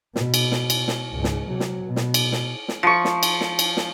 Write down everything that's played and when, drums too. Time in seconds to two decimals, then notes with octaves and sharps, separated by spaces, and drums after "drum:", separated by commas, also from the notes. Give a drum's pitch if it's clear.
0.16 B2, drum: snare
0.34 drum: cymbal
0.52 drum: snare
0.70 drum: cymbal
0.88 drum: snare
1.12 C#2 G#2
1.24 drum: snare
1.48 C3 F#3
1.60 drum: snare
1.85 B2
1.96 drum: snare
2.14 drum: cymbal
2.32 drum: snare
2.68 drum: snare
2.83 F3 C#6
3.05 drum: snare
3.23 drum: cymbal
3.41 drum: snare
3.59 drum: cymbal
3.77 drum: snare